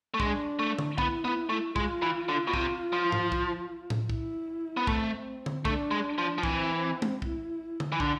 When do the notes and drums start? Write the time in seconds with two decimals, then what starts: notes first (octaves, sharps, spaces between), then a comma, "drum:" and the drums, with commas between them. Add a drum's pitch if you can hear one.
0.14 A3
0.20 G#3 D4, drum: kick
0.59 A3
0.78 drum: tom D3
0.98 B3 E4, drum: kick
1.25 B3
1.49 A3
1.76 G#3 F4, drum: kick
2.02 E3
2.29 D3
2.47 B2
2.54 C3, drum: kick
2.93 F3
3.12 drum: tom G#2
3.32 drum: kick
3.90 drum: tom A2
4.10 E4, drum: kick
4.77 B3
4.87 A3 C4, drum: kick
5.46 drum: tom D3
5.65 A3 D4, drum: kick
5.91 G#3
6.18 F3
6.38 F3
6.43 E3 C4, drum: kick
7.02 drum: tom
7.22 E4, drum: kick
7.80 drum: tom D3
7.92 E3
8.00 D3, drum: kick